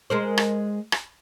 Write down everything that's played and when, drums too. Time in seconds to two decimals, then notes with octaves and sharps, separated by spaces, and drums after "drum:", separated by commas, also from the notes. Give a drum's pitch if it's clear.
0.10 G#3 A#4 C5
0.38 drum: rim click
0.92 drum: rim click